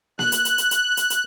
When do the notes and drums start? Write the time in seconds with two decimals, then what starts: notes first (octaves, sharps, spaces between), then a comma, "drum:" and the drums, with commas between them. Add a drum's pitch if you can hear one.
0.19 F#6, drum: snare A#3
0.32 drum: hi-hat
0.45 drum: hi-hat
0.58 drum: hi-hat
0.71 drum: hi-hat
0.97 drum: hi-hat
1.10 drum: hi-hat